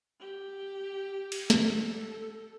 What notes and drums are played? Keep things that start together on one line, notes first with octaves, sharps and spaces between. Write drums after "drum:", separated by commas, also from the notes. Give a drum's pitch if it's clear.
G4
drum: cymbal
drum: snare
A4